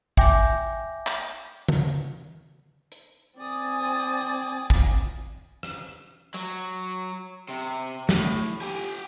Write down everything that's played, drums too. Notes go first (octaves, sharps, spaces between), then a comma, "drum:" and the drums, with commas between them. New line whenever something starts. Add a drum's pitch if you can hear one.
E5 G5 G#5 D6 G6 A#6, drum: kick
drum: clap
drum: tom C#3
drum: hi-hat
C4 D5 G#5 D#6 A6
drum: kick
drum: rim click
F#3, drum: hi-hat
C3
A2, drum: snare
G4 G#5